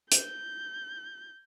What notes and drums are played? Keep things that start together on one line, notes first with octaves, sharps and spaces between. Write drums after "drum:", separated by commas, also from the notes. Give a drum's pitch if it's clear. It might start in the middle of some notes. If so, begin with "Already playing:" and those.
G6, drum: hi-hat